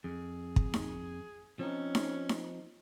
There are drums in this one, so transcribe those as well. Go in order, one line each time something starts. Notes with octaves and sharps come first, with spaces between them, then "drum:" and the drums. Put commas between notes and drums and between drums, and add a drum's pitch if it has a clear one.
F2 G#4
drum: kick
drum: snare D#4
F3 C4 C#4 D#4
drum: snare D#4
drum: snare D#4